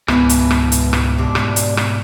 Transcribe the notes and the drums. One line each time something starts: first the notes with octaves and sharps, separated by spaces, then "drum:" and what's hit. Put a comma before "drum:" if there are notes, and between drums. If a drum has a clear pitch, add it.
C#2 G#2 B2 E3 B3 B4, drum: rim click
drum: hi-hat
drum: rim click
drum: hi-hat
drum: rim click
C3 D4
drum: rim click
drum: hi-hat
drum: rim click